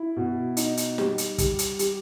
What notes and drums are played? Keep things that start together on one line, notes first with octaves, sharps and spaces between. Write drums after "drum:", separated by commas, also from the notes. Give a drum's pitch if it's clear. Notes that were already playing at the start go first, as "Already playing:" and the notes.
Already playing: E4
B2
D#4, drum: hi-hat
drum: hi-hat
G3, drum: snare
drum: hi-hat
G3, drum: kick, hi-hat
drum: hi-hat
G3, drum: hi-hat